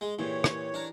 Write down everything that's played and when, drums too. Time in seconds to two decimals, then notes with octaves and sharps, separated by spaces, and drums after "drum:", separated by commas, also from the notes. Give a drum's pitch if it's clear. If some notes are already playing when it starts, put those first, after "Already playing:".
0.01 G#3
0.19 A#2 E3 G4 G#4 C#5
0.44 drum: rim click
0.74 D4 A#4